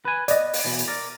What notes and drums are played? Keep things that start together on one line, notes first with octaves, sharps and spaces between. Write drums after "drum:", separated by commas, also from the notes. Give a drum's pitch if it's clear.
B4 G#5
B3 D5 D#5, drum: hi-hat
drum: open hi-hat
B2 E3
drum: hi-hat
A#4 D5